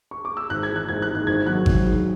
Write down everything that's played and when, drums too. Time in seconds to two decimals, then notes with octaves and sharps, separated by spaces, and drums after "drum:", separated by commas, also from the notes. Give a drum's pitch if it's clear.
0.11 C#6
0.25 D6
0.37 E6
0.50 G#1 F#6
0.63 G#6
0.70 E3
0.76 F#6
0.89 G#1 G#6
1.02 F#6
1.08 G#2
1.15 F#6
1.27 G#1 G#6
1.46 F#3 F#6
1.66 G#1, drum: kick G#1
1.86 G#2